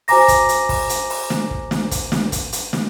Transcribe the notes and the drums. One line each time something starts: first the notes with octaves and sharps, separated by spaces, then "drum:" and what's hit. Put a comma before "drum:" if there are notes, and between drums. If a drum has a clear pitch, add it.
F#4 C5 G#5 A#5 D6 A#6, drum: open hi-hat
drum: kick, hi-hat
drum: hi-hat
drum: kick, open hi-hat
drum: hi-hat
drum: open hi-hat
drum: snare
drum: kick
drum: snare
drum: kick, hi-hat
drum: snare
drum: kick, hi-hat
drum: hi-hat
drum: snare